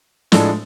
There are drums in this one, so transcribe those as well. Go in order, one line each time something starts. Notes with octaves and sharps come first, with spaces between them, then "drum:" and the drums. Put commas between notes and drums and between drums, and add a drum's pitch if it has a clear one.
A2 F3 G#3 D4 A4, drum: snare